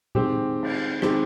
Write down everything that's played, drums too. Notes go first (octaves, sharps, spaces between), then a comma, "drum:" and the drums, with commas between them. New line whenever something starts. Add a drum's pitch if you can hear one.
D#3 G#3 C4 G4, drum: tom A#2
drum: cymbal
D#3 G#3 C4 G4, drum: rim click